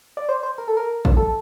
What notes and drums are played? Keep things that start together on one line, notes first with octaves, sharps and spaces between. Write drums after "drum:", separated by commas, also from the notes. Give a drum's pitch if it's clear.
D5
C5
C5
A#4
A4
A#4
drum: kick
A4